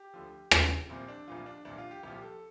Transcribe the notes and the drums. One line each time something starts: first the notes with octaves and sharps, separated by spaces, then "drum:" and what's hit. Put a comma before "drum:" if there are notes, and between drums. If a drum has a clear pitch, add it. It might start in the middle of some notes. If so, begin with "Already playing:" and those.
Already playing: G4
D2 D3 F3
D2 D3 F3, drum: rim click
C2 A#2 F3 C4
D4
C2 A#2 F3 F4
D4
C2 A#2 F3 D4
F4
G4
C2 A#2 F3 G4
G4
A4